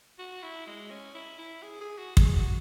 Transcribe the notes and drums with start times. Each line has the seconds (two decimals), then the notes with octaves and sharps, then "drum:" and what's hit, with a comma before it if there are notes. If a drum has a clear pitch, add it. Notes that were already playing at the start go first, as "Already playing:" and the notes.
0.19 F#4
0.43 E4
0.67 G#3
0.91 C#4
1.15 E4
1.39 E4
1.63 G#4
1.81 G#4
1.98 F#4
2.17 G#4, drum: kick
2.35 F#4